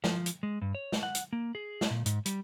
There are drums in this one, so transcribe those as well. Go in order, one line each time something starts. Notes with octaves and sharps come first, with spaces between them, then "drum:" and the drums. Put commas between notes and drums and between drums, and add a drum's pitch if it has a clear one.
F3, drum: snare
drum: hi-hat
G#3
G2
C#5
drum: snare
F#5
drum: hi-hat
A#3
G#4
drum: snare
A#2
G#2, drum: hi-hat
G3, drum: hi-hat